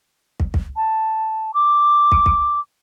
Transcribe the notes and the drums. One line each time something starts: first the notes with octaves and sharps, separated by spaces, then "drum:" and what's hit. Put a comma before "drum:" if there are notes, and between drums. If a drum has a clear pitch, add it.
drum: kick
drum: kick
A5
D6
drum: kick
drum: kick